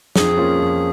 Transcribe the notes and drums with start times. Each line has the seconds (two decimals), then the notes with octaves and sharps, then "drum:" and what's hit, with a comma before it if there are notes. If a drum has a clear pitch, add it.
0.16 F2 G#4, drum: snare
0.37 F3 A#3 C#4 F4
0.59 F2